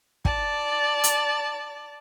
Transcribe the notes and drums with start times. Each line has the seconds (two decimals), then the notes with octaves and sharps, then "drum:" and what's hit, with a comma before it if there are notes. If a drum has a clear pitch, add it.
0.25 D5 A5, drum: kick
1.04 drum: hi-hat